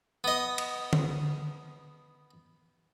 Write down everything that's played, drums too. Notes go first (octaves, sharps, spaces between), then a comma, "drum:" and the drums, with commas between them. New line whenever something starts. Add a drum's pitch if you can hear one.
B3 D#5
drum: cymbal
drum: tom D3